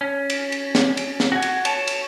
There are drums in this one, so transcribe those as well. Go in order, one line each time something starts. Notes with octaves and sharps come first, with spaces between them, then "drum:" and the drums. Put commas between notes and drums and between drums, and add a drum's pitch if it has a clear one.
C#4
drum: cymbal
drum: cymbal
drum: snare
drum: cymbal
drum: snare
F#4 G#5
drum: cymbal
C#5 A5, drum: cymbal
drum: cymbal